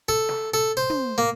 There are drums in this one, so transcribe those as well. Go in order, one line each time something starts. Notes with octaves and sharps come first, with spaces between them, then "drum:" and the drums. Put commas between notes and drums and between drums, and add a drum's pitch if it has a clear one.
A4, drum: kick
drum: snare
A4
C5
drum: tom
A#3